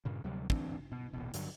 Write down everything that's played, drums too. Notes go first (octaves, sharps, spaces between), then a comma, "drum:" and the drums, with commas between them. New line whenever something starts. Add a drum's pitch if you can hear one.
G2 A#2 C#3
D2 C3 F#3 G3
D2 E3 C4 D4, drum: kick
B2
D#1 A1 B2
G2 D3 F#3, drum: hi-hat